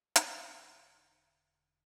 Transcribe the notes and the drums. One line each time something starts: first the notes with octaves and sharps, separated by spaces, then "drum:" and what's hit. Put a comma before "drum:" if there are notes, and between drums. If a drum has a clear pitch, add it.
E1 D3, drum: hi-hat